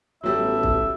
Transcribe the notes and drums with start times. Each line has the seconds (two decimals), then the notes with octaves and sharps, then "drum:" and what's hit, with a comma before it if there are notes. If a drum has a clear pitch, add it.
0.24 A1 F#3 G3 B3 A4 E5
0.63 drum: kick